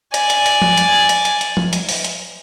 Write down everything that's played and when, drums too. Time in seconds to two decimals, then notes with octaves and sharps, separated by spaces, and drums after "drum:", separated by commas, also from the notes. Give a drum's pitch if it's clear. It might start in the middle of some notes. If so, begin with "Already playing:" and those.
0.14 D5 G#5, drum: hi-hat
0.30 drum: hi-hat
0.46 drum: hi-hat
0.62 drum: tom F3
0.77 drum: hi-hat
1.09 drum: hi-hat
1.25 drum: hi-hat
1.41 drum: hi-hat
1.57 drum: tom F3
1.73 drum: hi-hat
1.89 drum: open hi-hat
2.04 drum: hi-hat